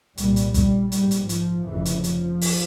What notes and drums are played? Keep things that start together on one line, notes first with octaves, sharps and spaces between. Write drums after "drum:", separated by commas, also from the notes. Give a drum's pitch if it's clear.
C2 A#2 G3, drum: hi-hat
drum: hi-hat
G3, drum: kick, hi-hat
A#1 G#2 G3, drum: hi-hat
drum: hi-hat
F3, drum: hi-hat
F1 F2 C#3 E3
drum: hi-hat
F3, drum: hi-hat
drum: open hi-hat